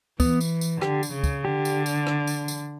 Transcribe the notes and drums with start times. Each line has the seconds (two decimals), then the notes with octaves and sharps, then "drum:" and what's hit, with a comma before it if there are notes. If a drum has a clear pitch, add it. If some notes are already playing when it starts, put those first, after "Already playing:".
0.20 E3 B3, drum: kick, tambourine
0.41 drum: tambourine
0.61 drum: tambourine
0.81 D3 G4, drum: rim click
1.03 drum: tambourine
1.14 C#3
1.24 drum: kick, tambourine
1.44 D3 G4
1.65 drum: tambourine
1.86 drum: tambourine
2.07 drum: rim click
2.27 drum: tambourine
2.48 drum: tambourine